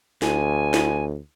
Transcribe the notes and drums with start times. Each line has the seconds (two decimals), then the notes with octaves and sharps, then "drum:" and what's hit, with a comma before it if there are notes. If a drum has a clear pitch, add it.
0.22 D2 G#5, drum: snare
0.74 drum: snare